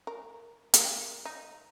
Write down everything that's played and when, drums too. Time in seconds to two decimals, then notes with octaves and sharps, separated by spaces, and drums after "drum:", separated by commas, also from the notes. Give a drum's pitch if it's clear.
0.07 A#4
0.74 A#3, drum: hi-hat
1.25 D#4